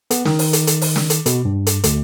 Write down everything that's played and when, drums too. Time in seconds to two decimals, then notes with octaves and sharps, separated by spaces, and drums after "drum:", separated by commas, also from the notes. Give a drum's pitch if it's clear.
0.11 B3, drum: hi-hat
0.25 D#3, drum: snare
0.39 drum: open hi-hat
0.53 drum: hi-hat
0.67 drum: hi-hat
0.81 drum: open hi-hat
0.96 drum: snare
1.10 drum: hi-hat
1.26 B2, drum: hi-hat
1.45 G2
1.67 drum: hi-hat
1.84 D2, drum: hi-hat